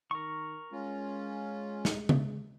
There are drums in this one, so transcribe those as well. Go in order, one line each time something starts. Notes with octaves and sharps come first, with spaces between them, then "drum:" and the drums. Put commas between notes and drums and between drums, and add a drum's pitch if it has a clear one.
D#3 A#4 C#6
G#3 C#4 F4
drum: snare
drum: tom C#3